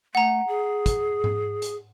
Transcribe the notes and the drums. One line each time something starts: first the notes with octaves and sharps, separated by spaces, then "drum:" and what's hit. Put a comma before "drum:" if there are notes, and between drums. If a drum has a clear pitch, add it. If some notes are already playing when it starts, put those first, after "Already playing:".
A3 F#5 A#5
G#4
drum: kick, hi-hat
drum: tom G#2
drum: hi-hat